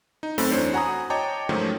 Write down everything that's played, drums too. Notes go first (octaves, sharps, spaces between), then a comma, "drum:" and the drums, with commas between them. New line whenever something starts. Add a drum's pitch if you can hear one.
D#4
F#2 A3 C4 A4 B5, drum: open hi-hat
E2 D4 E4 C5 C#5
F#4 F#5 G#5 A#5 B5 D#6
C#5 D#5 G5 A5 A#5 D6
G#2 D#3 F3 F#3 A3 C#4